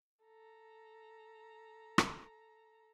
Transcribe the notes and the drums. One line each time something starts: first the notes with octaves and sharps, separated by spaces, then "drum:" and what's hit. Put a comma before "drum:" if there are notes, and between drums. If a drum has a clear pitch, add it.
A4 A#5
drum: rim click